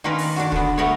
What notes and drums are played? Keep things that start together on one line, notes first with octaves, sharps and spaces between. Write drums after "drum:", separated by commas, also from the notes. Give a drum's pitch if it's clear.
D#3 A#3 C#4 F4 A#4 B4
drum: open hi-hat
D4 F#4
D3 B3, drum: kick
F#3 A3 B3 A#4 B4 C#5